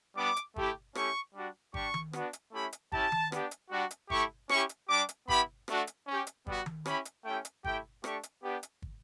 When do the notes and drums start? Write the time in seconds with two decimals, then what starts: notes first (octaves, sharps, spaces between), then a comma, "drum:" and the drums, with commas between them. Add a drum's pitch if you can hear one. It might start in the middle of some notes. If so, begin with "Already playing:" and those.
0.17 G3 B3 D4 D6
0.36 drum: hi-hat
0.56 A3 E4 G4, drum: kick
0.95 A3 C#4 E4 G4 C#6, drum: rim click
1.35 G3 D4 F#4
1.74 G3 D4 G4 C#6, drum: kick
1.94 drum: tom D#3
2.13 B3 D4 F#4, drum: rim click
2.33 drum: hi-hat
2.53 A3 C#4 E4 G4 B5
2.73 drum: hi-hat
2.92 C#4 E4 G4 A5, drum: kick
3.12 drum: tom D#3
3.32 B3 D4 G4, drum: rim click
3.51 drum: hi-hat
3.71 G3 D4 F#4
3.91 drum: hi-hat
4.10 A3 E4 G4 C#6, drum: kick
4.49 C#4 E4 G4 C#6, drum: rim click
4.69 drum: hi-hat
4.88 G3 D4 G4 D6
5.09 drum: hi-hat
5.28 B3 E4 G4 B5, drum: kick
5.68 A3 D4 F#4, drum: rim click
5.87 drum: hi-hat
6.07 C#4 G4
6.27 drum: hi-hat
6.47 G3 B3 F#4, drum: kick
6.66 drum: tom D#3
6.86 C#4 E4 G4 B5, drum: rim click
7.05 drum: hi-hat
7.25 A3 C#4 E4 G4 G5
7.45 drum: hi-hat
7.64 A3 E4 G4 G5, drum: kick
8.04 A3 D4 G4 C#6, drum: rim click
8.23 drum: hi-hat
8.43 B3 D4 G4
8.63 drum: hi-hat
8.82 drum: kick